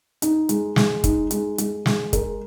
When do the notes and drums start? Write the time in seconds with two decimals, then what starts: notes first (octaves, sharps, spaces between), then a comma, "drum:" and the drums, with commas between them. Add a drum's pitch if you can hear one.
0.22 D#4, drum: hi-hat
0.49 G#3, drum: hi-hat
0.76 G#3, drum: snare
1.04 D#4, drum: kick, hi-hat
1.31 G#3, drum: hi-hat
1.58 G#3, drum: hi-hat
1.86 G#3, drum: snare
2.13 A#4, drum: kick, hi-hat